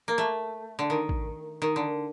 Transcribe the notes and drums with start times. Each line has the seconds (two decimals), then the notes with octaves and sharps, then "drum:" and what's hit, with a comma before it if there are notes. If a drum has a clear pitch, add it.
0.08 A#3
0.18 A3
0.79 D3
0.90 D#3
1.09 drum: kick A1
1.62 D#3
1.76 D3